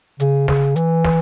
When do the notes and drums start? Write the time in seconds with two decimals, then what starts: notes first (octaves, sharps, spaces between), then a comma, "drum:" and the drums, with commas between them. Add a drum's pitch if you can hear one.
0.20 C#3, drum: hi-hat
0.48 C#3, drum: snare
0.76 E3, drum: hi-hat
1.05 drum: snare